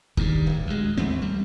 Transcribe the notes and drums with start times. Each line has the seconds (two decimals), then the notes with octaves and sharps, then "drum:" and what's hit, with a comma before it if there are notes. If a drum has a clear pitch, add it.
0.17 G2 D#3, drum: kick
0.46 D1
0.67 D2 G#3
0.97 A1 D#2 A3 C4
1.22 G3